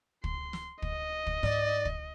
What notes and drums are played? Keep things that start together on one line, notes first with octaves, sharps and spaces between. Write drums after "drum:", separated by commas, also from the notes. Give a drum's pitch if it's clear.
C6, drum: kick
drum: snare
D#5, drum: kick
drum: kick
G#2 D5, drum: snare
drum: kick